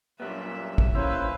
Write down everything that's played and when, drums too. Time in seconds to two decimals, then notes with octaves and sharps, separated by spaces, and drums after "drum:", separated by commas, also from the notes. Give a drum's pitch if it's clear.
0.20 F#2 A#2 G3 B3 E5
0.78 drum: kick
0.95 A#3 C#4 E4 B4 C5